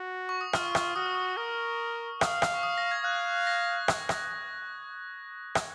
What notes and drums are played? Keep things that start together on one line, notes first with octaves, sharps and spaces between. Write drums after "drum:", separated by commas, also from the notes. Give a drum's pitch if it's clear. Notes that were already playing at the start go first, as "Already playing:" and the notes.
Already playing: F#4
C#6
D#6
F4 F6, drum: rim click
drum: rim click
F#4 D#6
F6
D#6
A#4 D#6
F5 D#6, drum: rim click
drum: rim click
C#6
D#6
A#6
G#6
F5 F#6
A#6
drum: rim click
drum: rim click
drum: rim click